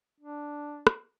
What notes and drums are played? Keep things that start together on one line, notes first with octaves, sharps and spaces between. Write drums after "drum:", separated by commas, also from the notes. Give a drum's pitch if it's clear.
D4
drum: rim click